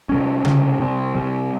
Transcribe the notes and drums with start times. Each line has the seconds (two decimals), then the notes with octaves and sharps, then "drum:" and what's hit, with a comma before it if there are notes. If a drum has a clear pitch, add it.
0.09 C3 G3 C#4
0.45 C3 G3 C#4, drum: tom C#3
0.80 C3 G3 C4
1.15 C3 G3 C4